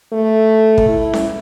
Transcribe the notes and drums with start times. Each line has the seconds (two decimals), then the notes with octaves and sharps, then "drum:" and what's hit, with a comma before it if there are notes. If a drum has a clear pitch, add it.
0.13 A3
0.78 drum: kick
0.88 E4
1.13 drum: snare C#4